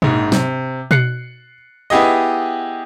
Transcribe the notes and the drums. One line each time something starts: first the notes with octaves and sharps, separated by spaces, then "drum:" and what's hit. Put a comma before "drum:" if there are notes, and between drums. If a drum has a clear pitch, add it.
A#1 G#2, drum: tom B2
C3, drum: snare
F#6 C7 C#7, drum: tom B2
B3 E4 G4 G#4 D#5